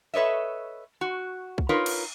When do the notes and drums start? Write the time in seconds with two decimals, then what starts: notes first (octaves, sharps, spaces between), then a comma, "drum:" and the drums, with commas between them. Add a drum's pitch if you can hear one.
0.14 A4 B4 C#5 D#5 E5
1.01 F#4
1.58 drum: kick C2
1.69 D#4 F4 A#4 B4 C#5
1.86 drum: cymbal